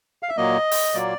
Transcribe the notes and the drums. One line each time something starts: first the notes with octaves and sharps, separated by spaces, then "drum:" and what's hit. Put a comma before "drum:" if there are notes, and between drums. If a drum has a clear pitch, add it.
F5
E5
A#2 F#3 A#3 D#5
drum: open hi-hat
A#2 F#3 A#3 D5